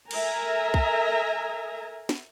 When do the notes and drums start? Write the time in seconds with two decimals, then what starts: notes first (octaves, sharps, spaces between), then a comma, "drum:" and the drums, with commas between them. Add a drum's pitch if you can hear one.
0.11 A4 A#4 E5 G#5 A#5, drum: cymbal
0.74 drum: kick
2.09 drum: snare